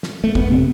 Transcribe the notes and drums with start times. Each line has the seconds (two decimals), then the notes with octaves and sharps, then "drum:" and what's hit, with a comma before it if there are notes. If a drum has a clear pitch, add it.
0.03 drum: snare
0.24 A3
0.35 F2 B3, drum: kick
0.51 C3 C4